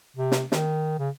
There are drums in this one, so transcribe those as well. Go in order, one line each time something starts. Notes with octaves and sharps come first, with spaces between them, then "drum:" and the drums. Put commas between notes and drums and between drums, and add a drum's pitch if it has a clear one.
C3
drum: snare
D#3, drum: snare
C#3